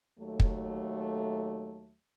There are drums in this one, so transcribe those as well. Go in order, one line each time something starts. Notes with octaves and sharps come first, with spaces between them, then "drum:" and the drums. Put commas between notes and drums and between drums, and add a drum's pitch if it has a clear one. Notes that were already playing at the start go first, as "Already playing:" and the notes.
D#2 F#3 A3
drum: kick